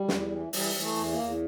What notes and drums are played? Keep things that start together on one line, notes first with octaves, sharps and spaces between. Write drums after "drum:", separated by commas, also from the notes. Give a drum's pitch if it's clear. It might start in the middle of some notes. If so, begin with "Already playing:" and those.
Already playing: G3
E2, drum: snare
E3
E3 G3, drum: open hi-hat
E3 G3
A3
E2
A#3
E2